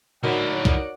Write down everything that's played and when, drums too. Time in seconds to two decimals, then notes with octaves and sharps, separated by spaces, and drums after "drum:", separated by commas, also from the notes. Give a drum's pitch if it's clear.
0.23 D3 D#4 E4 F#4 A#4 C#5 D5 F#5
0.65 drum: kick B1